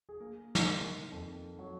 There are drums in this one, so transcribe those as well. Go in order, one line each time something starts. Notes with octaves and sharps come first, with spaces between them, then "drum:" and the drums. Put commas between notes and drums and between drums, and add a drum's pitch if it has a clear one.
G#4
A#3 A#4
drum: snare
D#3
F2
F#3